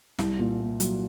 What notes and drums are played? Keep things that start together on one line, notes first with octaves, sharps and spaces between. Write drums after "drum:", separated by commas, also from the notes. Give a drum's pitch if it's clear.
C2, drum: snare
A#2
A#3
F#3, drum: hi-hat